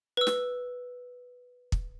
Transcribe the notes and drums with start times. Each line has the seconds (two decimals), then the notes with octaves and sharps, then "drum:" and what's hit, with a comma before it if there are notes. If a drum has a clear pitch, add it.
0.17 B4 E6
0.27 drum: snare
1.72 drum: kick